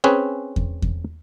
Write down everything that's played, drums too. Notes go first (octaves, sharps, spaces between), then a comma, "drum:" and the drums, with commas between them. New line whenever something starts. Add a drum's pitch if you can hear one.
C4 C#4 G#4 B4
drum: kick E2
drum: kick E2